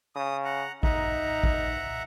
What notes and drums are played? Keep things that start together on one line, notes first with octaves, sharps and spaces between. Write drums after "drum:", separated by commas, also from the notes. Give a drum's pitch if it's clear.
C#3 D#6
F#5 A#5
D#4 E5 F#5 A#5, drum: kick
drum: kick